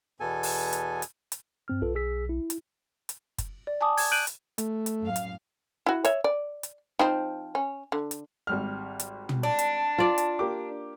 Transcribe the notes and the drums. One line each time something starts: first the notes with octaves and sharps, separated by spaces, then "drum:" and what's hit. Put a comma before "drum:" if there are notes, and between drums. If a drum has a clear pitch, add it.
E2 B2 B3 A4 G#5
drum: open hi-hat
drum: hi-hat
drum: hi-hat
drum: hi-hat
G2 C4 F6
B1 F4 A4 B4
G#4 E6 B6
E4
drum: hi-hat
drum: hi-hat
drum: kick, hi-hat
D5
G#5 A5 D6 D#6
G#6, drum: open hi-hat
F#6 G6 D7 D#7 F#7
drum: hi-hat
A3, drum: hi-hat
drum: hi-hat
F#2 A2 F5
drum: hi-hat
E4 F#4
C#5 E5, drum: hi-hat
D5
drum: hi-hat
F3 C4 D#4
C#4
D3
drum: hi-hat
G#1 G3 F6
drum: hi-hat
drum: tom
D4 A5
drum: hi-hat
F4 D5
drum: hi-hat
A#3 G4 D6